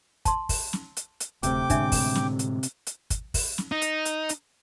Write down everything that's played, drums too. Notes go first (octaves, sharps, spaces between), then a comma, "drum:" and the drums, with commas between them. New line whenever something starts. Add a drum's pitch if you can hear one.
A5 C6, drum: kick, hi-hat
drum: kick, open hi-hat
drum: snare
drum: hi-hat
drum: hi-hat
D1 C3 A3 C4 G5 D6, drum: hi-hat
A2 D3 G#3 D4 E5, drum: kick, hi-hat
drum: kick, open hi-hat
drum: snare
drum: hi-hat
drum: hi-hat
drum: hi-hat
drum: kick, hi-hat
drum: kick, open hi-hat
drum: snare
D#4
drum: hi-hat
drum: hi-hat
drum: hi-hat